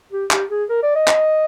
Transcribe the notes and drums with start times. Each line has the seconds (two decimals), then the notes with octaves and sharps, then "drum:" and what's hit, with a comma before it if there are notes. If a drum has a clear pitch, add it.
0.12 G4
0.31 G4, drum: clap
0.50 G#4
0.70 A#4
0.83 D5
0.95 D#5
1.08 drum: clap